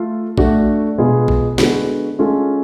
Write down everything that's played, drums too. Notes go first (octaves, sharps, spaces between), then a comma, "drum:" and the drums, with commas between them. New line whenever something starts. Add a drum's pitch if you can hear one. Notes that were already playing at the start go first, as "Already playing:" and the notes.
Already playing: A3 F4 A4
A3 D4 F#4, drum: kick A#1
B2 G#3 B3 F4 G#4
drum: kick A#1
D3 G#3 B3 F#4 A4, drum: snare
G#3 C#4 F4 A4